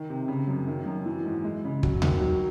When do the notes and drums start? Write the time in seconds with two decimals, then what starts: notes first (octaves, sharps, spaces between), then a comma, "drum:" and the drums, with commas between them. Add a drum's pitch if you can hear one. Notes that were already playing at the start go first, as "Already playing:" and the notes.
Already playing: D#3
0.09 C3
0.28 C#3
0.48 F#2
0.67 D#3
0.86 F#2
1.06 E3
1.26 G#2
1.45 G#3
1.64 C#3
1.83 F#3, drum: kick
2.02 D#3, drum: tom D2
2.21 F#3